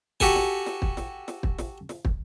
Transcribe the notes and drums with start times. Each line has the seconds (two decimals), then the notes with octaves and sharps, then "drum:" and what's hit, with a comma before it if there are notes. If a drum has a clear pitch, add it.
0.20 F#4 G4 A4 G#5, drum: kick
0.36 drum: snare
0.66 drum: snare
0.82 drum: kick
0.97 drum: snare
1.28 drum: snare
1.43 drum: kick
1.59 drum: snare
1.89 drum: snare
2.05 drum: kick